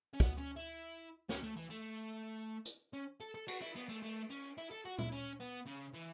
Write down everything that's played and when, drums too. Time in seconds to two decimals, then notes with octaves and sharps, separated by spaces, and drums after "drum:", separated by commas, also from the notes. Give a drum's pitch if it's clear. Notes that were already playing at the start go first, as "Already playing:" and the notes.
0.14 C#4
0.20 B3, drum: kick
0.38 C#4
0.56 E4
1.29 C#4, drum: snare
1.43 A3
1.57 E3
1.70 A3
2.65 drum: hi-hat
2.93 C#4
3.20 A4
3.34 A4
3.48 F#4, drum: cymbal
3.61 E4
3.76 B3
3.89 A3
4.02 A3
4.30 C#4
4.58 E4
4.71 A4
4.85 F#4
4.99 E4, drum: tom A#2
5.12 C#4
5.40 B3
5.66 C#3
5.94 E3